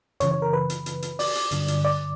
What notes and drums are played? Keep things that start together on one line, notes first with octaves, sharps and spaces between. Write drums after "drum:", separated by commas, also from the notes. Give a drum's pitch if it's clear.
F#2 C#3 E3 C#5, drum: hi-hat
C#5
A#4
B4
drum: hi-hat
drum: hi-hat
drum: hi-hat
D5, drum: open hi-hat
drum: hi-hat
G2 D3 F#3, drum: hi-hat
drum: hi-hat
D5